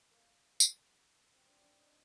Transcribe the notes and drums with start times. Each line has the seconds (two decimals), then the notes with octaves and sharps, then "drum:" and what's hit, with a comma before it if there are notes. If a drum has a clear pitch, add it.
0.11 A#3
0.60 drum: tambourine
1.33 C4
1.43 C4
1.49 D4
1.64 D4
1.79 D#4